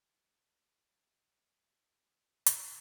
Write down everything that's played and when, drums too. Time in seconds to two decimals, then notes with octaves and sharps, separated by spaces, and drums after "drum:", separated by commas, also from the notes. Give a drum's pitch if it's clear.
0.22 D3 A5 G6
1.14 G4 C5
1.98 G#5
2.46 drum: hi-hat